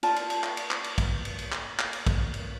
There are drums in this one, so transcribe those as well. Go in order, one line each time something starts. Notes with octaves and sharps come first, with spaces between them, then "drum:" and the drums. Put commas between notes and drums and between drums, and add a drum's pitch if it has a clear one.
F4 D5 A5, drum: cymbal
drum: cymbal
drum: cymbal
drum: clap
drum: cymbal
drum: clap
drum: cymbal
drum: kick, cymbal
drum: cymbal
drum: cymbal
drum: clap
drum: clap
drum: cymbal
drum: kick, cymbal
drum: cymbal